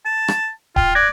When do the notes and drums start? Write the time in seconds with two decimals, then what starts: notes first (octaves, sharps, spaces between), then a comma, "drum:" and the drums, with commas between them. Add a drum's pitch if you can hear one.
0.05 A5
0.28 drum: rim click
0.76 F4 G5, drum: kick D1
0.95 D5 F#6 G#6 A#6